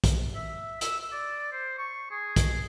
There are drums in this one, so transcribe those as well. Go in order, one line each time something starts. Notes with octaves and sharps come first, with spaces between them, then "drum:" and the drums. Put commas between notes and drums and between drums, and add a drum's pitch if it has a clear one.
drum: kick, hi-hat
E5
E6, drum: hi-hat
D5
C5
C#6
G#4
drum: kick, hi-hat